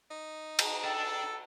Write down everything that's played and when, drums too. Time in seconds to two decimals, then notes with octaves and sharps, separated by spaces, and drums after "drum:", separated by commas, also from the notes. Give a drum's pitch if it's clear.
0.11 D#4
0.59 drum: cymbal
0.85 D4 A4 G5